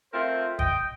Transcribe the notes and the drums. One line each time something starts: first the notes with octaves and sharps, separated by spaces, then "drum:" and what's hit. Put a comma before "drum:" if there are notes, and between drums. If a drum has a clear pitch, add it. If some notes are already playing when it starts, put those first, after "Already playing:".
A3 C4 F4 A#4 C5
D#5 G5, drum: kick